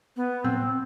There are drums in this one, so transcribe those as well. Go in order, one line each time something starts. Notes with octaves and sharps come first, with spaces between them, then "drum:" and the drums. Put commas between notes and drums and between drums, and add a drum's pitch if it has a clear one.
B3
C4, drum: tom A2